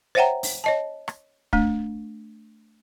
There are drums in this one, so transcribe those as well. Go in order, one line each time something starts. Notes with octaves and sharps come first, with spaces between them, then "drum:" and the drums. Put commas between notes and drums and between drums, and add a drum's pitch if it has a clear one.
C5 C#5 E5 F#5 G5 A#5
drum: open hi-hat
C#5 D#5 A5
drum: rim click
A3 D4, drum: kick